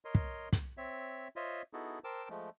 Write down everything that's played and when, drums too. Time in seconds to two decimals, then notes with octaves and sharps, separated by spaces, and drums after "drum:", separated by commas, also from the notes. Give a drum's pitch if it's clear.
0.05 A#4 C#5 D#5 C6
0.15 drum: kick
0.53 drum: kick, hi-hat
0.77 C4 C#5 E5
1.36 F4 C5 C#5 D#5 E5
1.73 B3 D#4 E4 F#4 G#4 A4
2.04 A#4 C5 G5 A5 D6 E6
2.30 F3 G#3 A3